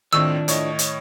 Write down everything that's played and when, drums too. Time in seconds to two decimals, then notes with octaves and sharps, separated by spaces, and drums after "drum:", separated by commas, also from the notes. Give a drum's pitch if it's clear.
0.13 A2 D#3 F3 C4 D4 C#6 E6
0.48 A2 C#5 D#5, drum: hi-hat
0.79 drum: hi-hat